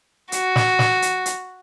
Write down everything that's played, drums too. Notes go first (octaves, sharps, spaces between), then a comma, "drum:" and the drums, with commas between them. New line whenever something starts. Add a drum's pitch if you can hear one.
F#4, drum: hi-hat
drum: snare
drum: snare
drum: hi-hat
drum: hi-hat